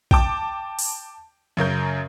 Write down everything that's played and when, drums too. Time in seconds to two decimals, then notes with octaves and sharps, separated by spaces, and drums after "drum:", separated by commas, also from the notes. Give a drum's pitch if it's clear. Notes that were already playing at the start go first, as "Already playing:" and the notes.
0.11 G5 A5 D6, drum: kick
0.79 drum: open hi-hat
1.57 F#2 C#3 A#4 G6